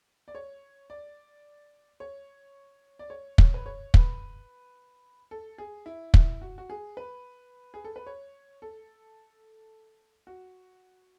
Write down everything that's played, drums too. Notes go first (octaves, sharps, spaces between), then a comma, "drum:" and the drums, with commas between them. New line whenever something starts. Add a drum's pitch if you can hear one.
D5
C#5
D5
C#5
D5
C#5
C#5, drum: kick
B4
C#5
B4, drum: kick
A4
G#4
E4
E4, drum: kick
F#4
F#4
G#4
B4
G#4
A4
B4
C#5
A4
F#4